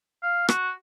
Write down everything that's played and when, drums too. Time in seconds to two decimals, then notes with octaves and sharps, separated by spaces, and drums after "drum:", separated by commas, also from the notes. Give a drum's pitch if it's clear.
0.23 F5
0.49 F#4, drum: rim click